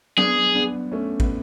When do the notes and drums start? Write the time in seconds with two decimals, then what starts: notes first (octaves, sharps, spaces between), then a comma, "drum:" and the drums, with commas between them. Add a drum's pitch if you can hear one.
0.18 B3 D4 G#4, drum: tom F#3
0.55 B3 D4
0.92 A3 C#4
1.20 B3, drum: kick